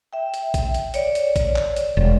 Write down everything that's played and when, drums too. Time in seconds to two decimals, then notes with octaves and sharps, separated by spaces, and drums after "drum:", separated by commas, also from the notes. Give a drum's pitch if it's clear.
0.13 E5 G5
0.34 drum: hi-hat
0.54 drum: kick, hi-hat
0.74 drum: hi-hat
0.94 C#5 D5, drum: hi-hat
1.15 drum: hi-hat
1.36 drum: kick, hi-hat
1.56 drum: clap
1.76 drum: hi-hat
1.97 E1